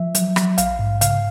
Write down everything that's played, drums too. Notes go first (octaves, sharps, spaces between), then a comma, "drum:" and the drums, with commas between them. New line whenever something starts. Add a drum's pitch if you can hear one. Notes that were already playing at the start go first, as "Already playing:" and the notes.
Already playing: F3 E5
F#3, drum: hi-hat
F#3, drum: rim click
A#1 F5, drum: hi-hat
G#2
C#3 F5, drum: hi-hat